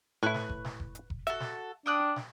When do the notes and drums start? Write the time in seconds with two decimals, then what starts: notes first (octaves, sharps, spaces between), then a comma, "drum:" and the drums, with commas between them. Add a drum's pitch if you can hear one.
0.23 A2 E4 B4 C#6 F#6
0.34 drum: snare
0.49 drum: kick F1
0.65 drum: snare
0.80 drum: kick F1
0.95 drum: hi-hat
1.10 drum: kick F1
1.27 F#4 A4 E5, drum: hi-hat
1.40 drum: snare
1.86 D4 G5 D#6 F#6
2.16 drum: snare